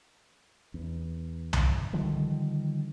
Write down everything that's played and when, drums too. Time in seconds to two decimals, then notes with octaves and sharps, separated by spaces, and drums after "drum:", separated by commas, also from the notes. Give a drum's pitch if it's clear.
0.74 E2
1.53 drum: tom C2
1.93 D3 D#3 F3 G3